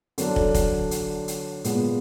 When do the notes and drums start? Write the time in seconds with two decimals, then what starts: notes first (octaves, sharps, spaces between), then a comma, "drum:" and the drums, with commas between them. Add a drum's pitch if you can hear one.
0.18 D3 F#3 D4, drum: hi-hat
0.36 drum: kick
0.55 drum: kick, hi-hat
0.91 drum: hi-hat
1.28 drum: hi-hat
1.64 A#2 G#3 B3, drum: hi-hat